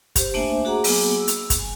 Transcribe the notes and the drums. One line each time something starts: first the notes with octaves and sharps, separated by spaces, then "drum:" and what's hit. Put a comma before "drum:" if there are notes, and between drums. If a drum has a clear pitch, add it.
G4 C5, drum: kick, hi-hat
A3 A#3 D4 C5 E5 G#5
F#4 G#4 F#5 A#5 D6
F#3 A#3 B3 G#4 G#5 D6, drum: open hi-hat
E6
drum: hi-hat
drum: kick, hi-hat
G#5